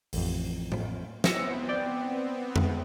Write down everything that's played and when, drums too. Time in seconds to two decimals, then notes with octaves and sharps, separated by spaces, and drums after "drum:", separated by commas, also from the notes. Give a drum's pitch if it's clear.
0.13 A1 F2, drum: open hi-hat
0.72 drum: tom A2
1.24 B3 C4 E6 A#6 C#7, drum: snare
1.69 D5 G5
2.56 drum: tom F2